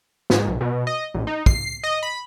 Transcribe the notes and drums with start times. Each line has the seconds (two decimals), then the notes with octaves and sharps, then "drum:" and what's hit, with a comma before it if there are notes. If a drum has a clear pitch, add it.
0.30 G#2, drum: snare
0.47 B1
0.61 B2
0.87 D#5
1.14 A#1
1.27 D#4
1.46 C7, drum: kick
1.83 D#5
2.03 B5